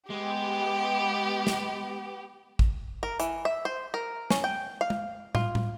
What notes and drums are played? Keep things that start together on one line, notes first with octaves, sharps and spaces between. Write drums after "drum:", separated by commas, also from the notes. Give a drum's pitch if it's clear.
G#3 B3 G4
drum: snare
drum: kick A1
A#4
E3, drum: hi-hat
E5
C5
A#4
C#4, drum: snare
G5
F5
drum: tom
F4, drum: tom
drum: tom